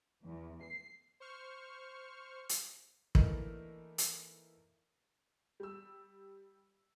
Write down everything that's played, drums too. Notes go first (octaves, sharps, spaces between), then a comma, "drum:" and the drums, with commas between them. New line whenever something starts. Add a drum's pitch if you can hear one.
E2
C7
C5 C#6 F6
drum: hi-hat
E3 A3 A#3 D4 D#4 A#4, drum: kick
drum: hi-hat
G3 E6